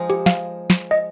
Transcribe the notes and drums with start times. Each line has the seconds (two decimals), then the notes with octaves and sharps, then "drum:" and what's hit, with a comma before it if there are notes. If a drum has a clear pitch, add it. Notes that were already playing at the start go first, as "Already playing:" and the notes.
Already playing: F3 G#3 D#4 G#4
0.10 G4, drum: hi-hat
0.26 F5, drum: snare
0.70 drum: snare
0.91 D#5